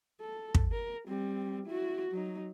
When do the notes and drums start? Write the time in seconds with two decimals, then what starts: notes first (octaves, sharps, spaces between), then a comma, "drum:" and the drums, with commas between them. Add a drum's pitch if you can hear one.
0.21 A4
0.55 drum: kick
0.72 A#4
1.08 G3 C4
1.67 E4 F#4
2.11 F#3 D#4